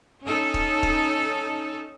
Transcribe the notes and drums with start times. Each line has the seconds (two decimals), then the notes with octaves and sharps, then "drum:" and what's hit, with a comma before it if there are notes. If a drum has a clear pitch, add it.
0.23 C#4 D#4 A4
0.54 drum: kick
0.83 drum: kick